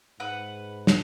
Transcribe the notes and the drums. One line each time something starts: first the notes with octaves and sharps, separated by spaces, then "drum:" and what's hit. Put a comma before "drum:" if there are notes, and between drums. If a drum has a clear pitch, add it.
G#2 B4 F#5
drum: snare